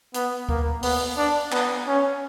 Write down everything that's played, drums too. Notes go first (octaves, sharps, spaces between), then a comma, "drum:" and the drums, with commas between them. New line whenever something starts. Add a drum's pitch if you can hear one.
B3, drum: hi-hat
A#3, drum: kick D2
B3, drum: open hi-hat
D4
B3, drum: clap
C#4